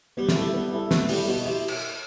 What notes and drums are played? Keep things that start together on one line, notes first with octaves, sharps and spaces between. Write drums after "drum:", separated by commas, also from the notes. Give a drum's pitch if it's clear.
G3 B3
A3, drum: snare
G3 E4 A4
B3
E4 A4
A3 B3, drum: snare
G3 E4 A4, drum: open hi-hat
B2 B3
C3 E4
drum: cymbal